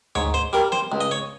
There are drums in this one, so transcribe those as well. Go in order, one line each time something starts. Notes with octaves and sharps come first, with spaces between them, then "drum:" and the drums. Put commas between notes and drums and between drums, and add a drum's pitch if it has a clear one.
G#2 C#5, drum: tom D2
C5
G3 A#4
C5, drum: snare B3
C#2
D#5
C#5